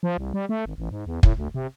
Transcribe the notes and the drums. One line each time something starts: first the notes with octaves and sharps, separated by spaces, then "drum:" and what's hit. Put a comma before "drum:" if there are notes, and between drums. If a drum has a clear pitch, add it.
F3
C2
G3
A3
G#1
A1
G#2
E2
A2, drum: kick
D2
C3